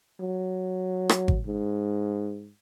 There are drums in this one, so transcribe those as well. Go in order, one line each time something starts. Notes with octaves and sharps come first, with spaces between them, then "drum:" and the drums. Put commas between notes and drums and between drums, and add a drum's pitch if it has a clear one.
F#3
drum: rim click
drum: kick G#1
G#2